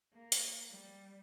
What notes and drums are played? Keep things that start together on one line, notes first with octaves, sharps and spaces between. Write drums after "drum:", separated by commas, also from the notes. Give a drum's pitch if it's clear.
A#3
drum: hi-hat
G3